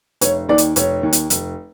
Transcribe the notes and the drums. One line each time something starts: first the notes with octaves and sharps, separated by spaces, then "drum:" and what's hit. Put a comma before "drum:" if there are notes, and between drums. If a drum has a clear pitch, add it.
F1 C#5, drum: hi-hat
D#2 D#3 D5
drum: hi-hat
F1 C#5, drum: hi-hat
D#2 D#3
drum: hi-hat
F1, drum: hi-hat